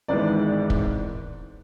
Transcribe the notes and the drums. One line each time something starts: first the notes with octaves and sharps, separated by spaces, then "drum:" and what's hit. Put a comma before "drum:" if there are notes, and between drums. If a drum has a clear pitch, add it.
G#1 G#2 E3 G#3 B3 D5
drum: kick